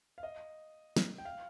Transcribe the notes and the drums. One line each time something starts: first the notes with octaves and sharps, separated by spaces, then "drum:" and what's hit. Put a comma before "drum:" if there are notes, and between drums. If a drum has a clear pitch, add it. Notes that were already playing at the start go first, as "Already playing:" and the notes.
F5
D#5
drum: snare
G5
F5